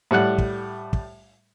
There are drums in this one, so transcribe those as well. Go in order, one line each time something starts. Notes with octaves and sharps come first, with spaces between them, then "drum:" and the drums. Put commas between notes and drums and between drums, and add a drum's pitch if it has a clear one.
A2 G3 F#5 F#6
drum: kick
drum: kick